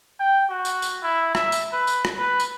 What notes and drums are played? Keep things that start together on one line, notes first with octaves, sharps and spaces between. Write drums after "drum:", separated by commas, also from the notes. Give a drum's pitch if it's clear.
G5
F#4
drum: tambourine
drum: tambourine
E4
E5, drum: rim click
drum: tambourine
B4
drum: tambourine
drum: rim click
B4
drum: tambourine